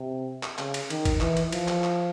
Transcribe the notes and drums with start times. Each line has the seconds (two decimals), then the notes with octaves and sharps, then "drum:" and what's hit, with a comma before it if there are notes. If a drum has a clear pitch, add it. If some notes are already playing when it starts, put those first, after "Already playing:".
Already playing: C3
0.43 drum: clap
0.58 C#3, drum: clap
0.74 drum: cymbal
0.90 D#3, drum: cymbal
1.05 drum: kick G#1, cymbal
1.20 E3, drum: clap
1.37 drum: cymbal
1.52 F3, drum: cymbal
1.68 drum: clap
1.84 drum: clap